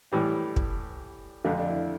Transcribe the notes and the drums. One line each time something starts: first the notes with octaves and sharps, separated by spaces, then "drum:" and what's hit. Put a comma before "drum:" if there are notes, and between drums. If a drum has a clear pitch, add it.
A2 E3 G3 G4
drum: kick
F2 D3 A3 F4
D4
E4